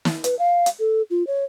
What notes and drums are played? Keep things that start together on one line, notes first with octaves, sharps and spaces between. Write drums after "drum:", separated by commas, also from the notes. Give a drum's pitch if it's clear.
drum: snare
B4, drum: hi-hat
F5
drum: hi-hat
A4
F4
C#5